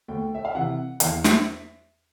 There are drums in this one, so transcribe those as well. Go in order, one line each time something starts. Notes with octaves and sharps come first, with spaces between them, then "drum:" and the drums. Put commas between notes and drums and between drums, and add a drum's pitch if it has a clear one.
D2 G5
E5
F5
C3 E3 F#5
E2 F5, drum: hi-hat
E5, drum: snare